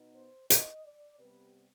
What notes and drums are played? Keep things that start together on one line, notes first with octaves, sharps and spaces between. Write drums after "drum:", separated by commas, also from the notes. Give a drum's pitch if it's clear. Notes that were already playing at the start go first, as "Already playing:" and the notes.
Already playing: B2 B3 D#4
C5
D#5, drum: hi-hat
D5
C3 G3 B3 B4